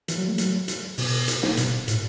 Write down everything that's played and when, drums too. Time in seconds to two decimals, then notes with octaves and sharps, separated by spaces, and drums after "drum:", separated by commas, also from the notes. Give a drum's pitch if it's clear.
0.08 E3, drum: hi-hat
0.18 F#3
0.28 A3
0.38 F#3, drum: hi-hat
0.68 drum: hi-hat
0.98 B2, drum: open hi-hat
1.28 drum: hi-hat
1.43 drum: snare
1.57 B2, drum: hi-hat
1.88 A2, drum: hi-hat